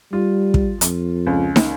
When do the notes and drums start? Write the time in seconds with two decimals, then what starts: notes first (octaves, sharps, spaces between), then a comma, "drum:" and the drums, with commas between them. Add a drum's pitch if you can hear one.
0.13 G3 F4
0.54 drum: kick
0.81 F2, drum: hi-hat
1.27 C#2
1.56 drum: snare